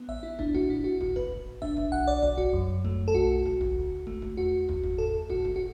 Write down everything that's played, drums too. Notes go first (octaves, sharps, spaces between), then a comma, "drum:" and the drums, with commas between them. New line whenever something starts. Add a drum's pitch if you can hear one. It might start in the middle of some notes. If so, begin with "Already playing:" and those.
Already playing: B3
A1 E5
E4
D4 E4, drum: kick
F#4, drum: kick
A2 E4
F#4
A2 F#4, drum: kick
B4, drum: kick
A1
D4 E5, drum: kick
drum: kick
B1 F#5
D5
B1 D5, drum: kick
F#4, drum: kick
F#2
A3, drum: kick
A4
B1 F#4
B1, drum: kick
drum: kick
D2
A3, drum: kick
drum: kick
E2 F#4
E2, drum: kick
drum: kick
A2 A4
A2 F#4, drum: kick
drum: kick
F#4